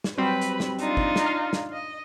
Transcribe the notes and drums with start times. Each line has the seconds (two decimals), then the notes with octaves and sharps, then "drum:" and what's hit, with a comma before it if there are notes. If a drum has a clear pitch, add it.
0.04 drum: snare
0.17 F#3 G3 C4 B4 B5
0.41 drum: hi-hat
0.60 drum: snare
0.79 D4 D#4 F4, drum: hi-hat
0.97 drum: kick
1.16 drum: snare
1.26 F5
1.53 drum: snare
1.73 D#5